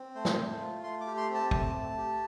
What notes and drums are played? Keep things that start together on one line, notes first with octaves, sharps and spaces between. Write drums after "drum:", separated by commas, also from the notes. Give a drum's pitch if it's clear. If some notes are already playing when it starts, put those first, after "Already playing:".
Already playing: C4
A3 C5
drum: snare
A3
F4
A3 C6
D6
G4
C6
C4
A5
A3 A5, drum: kick
A3
G4